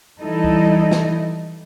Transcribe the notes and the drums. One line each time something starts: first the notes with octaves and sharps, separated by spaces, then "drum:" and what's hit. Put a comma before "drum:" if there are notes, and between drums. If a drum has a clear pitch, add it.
E3 G3 D#4 E4 A4 D#5
drum: kick C2
drum: snare